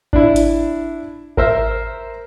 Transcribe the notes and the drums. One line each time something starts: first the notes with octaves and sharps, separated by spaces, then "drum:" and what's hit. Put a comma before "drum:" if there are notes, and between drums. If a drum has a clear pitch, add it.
D4 E4, drum: kick G#1
drum: hi-hat
A#4 C5 E5, drum: kick G#1